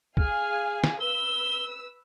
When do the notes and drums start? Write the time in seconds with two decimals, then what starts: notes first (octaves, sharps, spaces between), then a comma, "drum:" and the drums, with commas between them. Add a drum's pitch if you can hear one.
0.17 G#4 F5 G#5 F6, drum: kick
0.84 drum: snare
1.00 B4 E6 G7